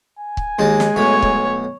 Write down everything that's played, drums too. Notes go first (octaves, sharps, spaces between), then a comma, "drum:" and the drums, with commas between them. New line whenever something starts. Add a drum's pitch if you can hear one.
G#5
drum: kick C#1
D#2 G#3 D#4 A5
drum: snare
B1 A2 C#5 B5
drum: kick C#1